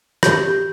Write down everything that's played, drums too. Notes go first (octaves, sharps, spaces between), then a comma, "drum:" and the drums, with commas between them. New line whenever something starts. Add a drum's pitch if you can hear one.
G4 G6, drum: rim click
G4